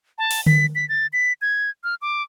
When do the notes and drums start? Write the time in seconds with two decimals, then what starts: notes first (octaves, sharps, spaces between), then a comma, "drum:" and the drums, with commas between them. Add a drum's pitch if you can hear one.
0.18 A5
0.31 drum: open hi-hat
0.46 B6, drum: tom D3
0.75 B6
0.89 A6
1.13 B6
1.41 G#6
1.84 F6
2.02 D6